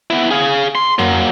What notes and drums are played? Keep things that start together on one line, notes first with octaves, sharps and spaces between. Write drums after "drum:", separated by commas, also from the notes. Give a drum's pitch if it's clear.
B3 E4
G#4 F5
C6
F#3 A#3, drum: tom